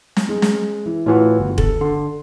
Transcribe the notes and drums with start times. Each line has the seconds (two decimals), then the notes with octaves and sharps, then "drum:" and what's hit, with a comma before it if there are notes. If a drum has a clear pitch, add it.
0.17 drum: snare
0.29 G#3
0.42 drum: snare
0.86 E3
1.06 A2 E3 F4 F#4
1.40 G1
1.58 A4, drum: kick
1.81 D3 C6